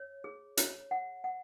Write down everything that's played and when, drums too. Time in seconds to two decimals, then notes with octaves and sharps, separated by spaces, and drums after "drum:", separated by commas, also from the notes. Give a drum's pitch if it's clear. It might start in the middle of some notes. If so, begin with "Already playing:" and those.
Already playing: C#5
0.24 G#4
0.57 C#5, drum: hi-hat
0.91 F#5
1.24 F#5